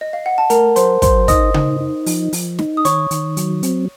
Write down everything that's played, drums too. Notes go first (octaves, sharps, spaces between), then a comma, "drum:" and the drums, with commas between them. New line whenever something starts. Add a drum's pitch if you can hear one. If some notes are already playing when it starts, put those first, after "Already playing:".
D#5
F5
F#5
A5
A3 A#4 A#5, drum: hi-hat
F#3 C5 C6, drum: hi-hat
F#3 C5 C6, drum: kick, hi-hat
D#4 D#5 D#6, drum: kick, hi-hat
D#4, drum: tom C#3
D#4
F3, drum: open hi-hat
F3, drum: open hi-hat
D#4, drum: snare
D#6
D#3 C#5 C#6, drum: hi-hat
D#3, drum: hi-hat
F#3, drum: hi-hat
C4, drum: hi-hat